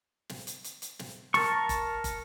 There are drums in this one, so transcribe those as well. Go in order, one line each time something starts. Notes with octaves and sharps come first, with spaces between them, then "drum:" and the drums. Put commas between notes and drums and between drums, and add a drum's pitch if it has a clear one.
drum: snare
drum: hi-hat
drum: hi-hat
drum: hi-hat
drum: snare
A#4 A5 C#6, drum: snare
drum: kick, hi-hat
drum: kick, hi-hat